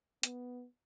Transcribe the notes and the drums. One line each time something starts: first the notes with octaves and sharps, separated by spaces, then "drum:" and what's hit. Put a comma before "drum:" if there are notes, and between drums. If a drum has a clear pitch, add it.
B3, drum: hi-hat